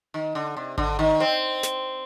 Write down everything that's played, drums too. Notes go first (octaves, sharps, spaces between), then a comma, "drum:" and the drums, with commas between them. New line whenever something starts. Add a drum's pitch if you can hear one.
D#3
D3
C3
D3, drum: kick G#1
D#3
C4
drum: snare